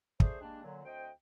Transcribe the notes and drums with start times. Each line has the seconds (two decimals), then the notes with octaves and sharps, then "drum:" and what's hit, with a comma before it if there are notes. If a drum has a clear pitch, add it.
0.20 A3 D4 G#4 C5, drum: kick
0.41 G3 G#3 A#3 D4
0.64 A#2 D3 F#3
0.85 D2 C4 D#5 G5